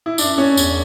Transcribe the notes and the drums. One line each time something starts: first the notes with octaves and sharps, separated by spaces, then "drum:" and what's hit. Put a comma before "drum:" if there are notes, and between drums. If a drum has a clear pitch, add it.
E4
F#2 D4, drum: tambourine
C#4
E2, drum: tambourine